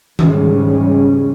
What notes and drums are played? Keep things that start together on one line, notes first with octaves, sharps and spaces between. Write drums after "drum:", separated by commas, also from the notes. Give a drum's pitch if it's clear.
E2 G#2 C#3 G3 G#3 C#4, drum: tom D#3